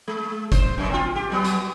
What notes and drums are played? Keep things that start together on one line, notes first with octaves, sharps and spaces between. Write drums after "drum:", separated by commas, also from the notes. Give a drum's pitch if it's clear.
G#3
C5, drum: kick F#1, hi-hat
F#2 B2
C4 F4
G4
B2 F#3 B3
drum: hi-hat